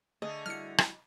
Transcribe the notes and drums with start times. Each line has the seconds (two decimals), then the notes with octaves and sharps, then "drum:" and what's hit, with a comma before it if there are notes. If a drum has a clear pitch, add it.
0.22 D3 A3 G#4 D#5
0.46 G3 E4 F#4 F6 C#7
0.78 drum: rim click